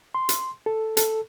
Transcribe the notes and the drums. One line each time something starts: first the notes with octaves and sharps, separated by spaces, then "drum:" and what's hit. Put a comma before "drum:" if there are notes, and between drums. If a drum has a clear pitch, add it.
C6
drum: hi-hat
A4
A4, drum: hi-hat